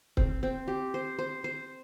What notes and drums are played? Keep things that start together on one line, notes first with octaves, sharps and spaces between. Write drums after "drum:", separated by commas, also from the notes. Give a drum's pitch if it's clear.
C4, drum: kick C#1
C4
G4
C5
C5
C5